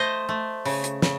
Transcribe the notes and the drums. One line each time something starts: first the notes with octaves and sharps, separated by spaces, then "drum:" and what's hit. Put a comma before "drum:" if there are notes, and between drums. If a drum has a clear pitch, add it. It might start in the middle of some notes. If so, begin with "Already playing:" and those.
Already playing: A3 C5 D#5
A3
C#3, drum: open hi-hat
drum: hi-hat
C#3, drum: snare